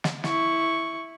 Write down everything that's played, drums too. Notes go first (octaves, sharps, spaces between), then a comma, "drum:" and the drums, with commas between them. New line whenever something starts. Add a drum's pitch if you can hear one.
drum: snare
E4 C#6, drum: snare